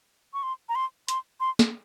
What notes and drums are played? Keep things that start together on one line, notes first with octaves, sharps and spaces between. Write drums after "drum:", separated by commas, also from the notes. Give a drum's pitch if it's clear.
C#6
C6
A#5
C6
C6, drum: hi-hat
C6
drum: snare